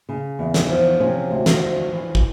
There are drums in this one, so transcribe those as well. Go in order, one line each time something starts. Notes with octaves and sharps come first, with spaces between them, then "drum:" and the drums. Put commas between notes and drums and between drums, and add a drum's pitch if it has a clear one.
C#3
E2
drum: snare
F3
C3 C#4
D2
drum: snare
F3
E3
drum: kick